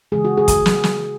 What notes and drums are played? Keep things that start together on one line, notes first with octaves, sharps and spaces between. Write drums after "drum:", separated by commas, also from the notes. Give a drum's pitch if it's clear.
C#3 E3 G#3 G#4
F#4
G#4
drum: kick, hi-hat
drum: snare
drum: snare